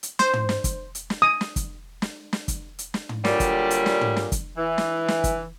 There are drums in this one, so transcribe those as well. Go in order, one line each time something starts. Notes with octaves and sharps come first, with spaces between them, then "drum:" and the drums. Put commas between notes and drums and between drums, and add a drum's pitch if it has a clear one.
drum: hi-hat
C5, drum: snare
drum: tom
drum: snare
drum: kick, hi-hat
drum: hi-hat
drum: snare
D#6
drum: snare
drum: kick, hi-hat
drum: snare
drum: snare
drum: kick, hi-hat
drum: hi-hat
drum: snare
drum: tom
A#2 D3 F#3 G3, drum: snare
drum: kick, hi-hat
drum: hi-hat
drum: snare
drum: tom
drum: snare
drum: kick, hi-hat
E3
drum: snare
drum: snare
drum: kick, hi-hat